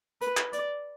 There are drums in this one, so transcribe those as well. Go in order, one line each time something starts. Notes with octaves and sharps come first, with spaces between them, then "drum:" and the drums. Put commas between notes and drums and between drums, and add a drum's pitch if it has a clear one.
B4, drum: hi-hat
drum: clap
D5, drum: hi-hat